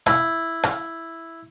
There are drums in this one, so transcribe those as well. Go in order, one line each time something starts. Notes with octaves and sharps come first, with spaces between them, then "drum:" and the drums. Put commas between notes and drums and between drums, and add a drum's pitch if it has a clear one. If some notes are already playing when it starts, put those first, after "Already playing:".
E4, drum: rim click
drum: rim click